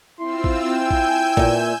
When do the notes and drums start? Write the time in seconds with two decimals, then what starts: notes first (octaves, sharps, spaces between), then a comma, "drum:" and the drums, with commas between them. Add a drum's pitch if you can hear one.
0.20 C4 E4 F4 C6 E6
0.44 drum: kick A1
0.72 G5 G#5 E6 G6
0.91 drum: kick A1
1.37 A#2 E5, drum: kick A1